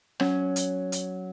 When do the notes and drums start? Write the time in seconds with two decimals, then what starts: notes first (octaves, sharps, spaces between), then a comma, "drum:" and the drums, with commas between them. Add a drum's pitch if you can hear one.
0.20 F#3 C#4, drum: rim click
0.56 drum: hi-hat
0.92 drum: hi-hat